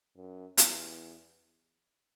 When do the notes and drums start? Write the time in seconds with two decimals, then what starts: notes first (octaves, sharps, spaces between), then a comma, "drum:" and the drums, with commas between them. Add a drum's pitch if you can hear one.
0.17 F#2
0.58 E2, drum: hi-hat